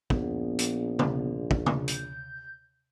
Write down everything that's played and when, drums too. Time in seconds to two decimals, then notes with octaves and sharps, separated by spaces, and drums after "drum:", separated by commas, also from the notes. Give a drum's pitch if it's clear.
0.10 A#1 B3, drum: kick
0.59 drum: hi-hat
0.99 drum: tom C3
1.51 drum: kick
1.66 drum: tom C3
1.88 G6, drum: hi-hat